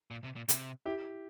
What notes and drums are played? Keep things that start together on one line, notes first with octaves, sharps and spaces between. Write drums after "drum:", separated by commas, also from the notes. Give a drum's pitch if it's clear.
A#2
C3
A#2
C3, drum: hi-hat
E4 G4